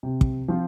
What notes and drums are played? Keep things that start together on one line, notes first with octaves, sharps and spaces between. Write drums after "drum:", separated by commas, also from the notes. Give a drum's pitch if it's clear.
C3
drum: kick
F3 C4 F4